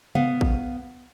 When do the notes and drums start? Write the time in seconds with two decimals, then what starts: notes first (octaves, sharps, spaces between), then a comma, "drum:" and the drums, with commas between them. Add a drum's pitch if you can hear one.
0.15 B3 F5 F#5, drum: tom C3
0.41 drum: kick